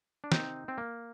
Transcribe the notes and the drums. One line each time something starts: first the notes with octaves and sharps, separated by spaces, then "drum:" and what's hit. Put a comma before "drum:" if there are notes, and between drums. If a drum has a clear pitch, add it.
D4
C3 D#3 C4 D#4, drum: snare
C4
A#3